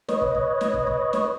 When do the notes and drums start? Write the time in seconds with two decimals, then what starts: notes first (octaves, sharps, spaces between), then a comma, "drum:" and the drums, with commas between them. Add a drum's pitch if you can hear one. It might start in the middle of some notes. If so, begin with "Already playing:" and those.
0.08 B4 C#5 D#5, drum: snare
0.22 drum: kick
0.35 drum: kick
0.61 drum: snare
0.74 drum: kick
0.87 drum: kick
1.13 drum: snare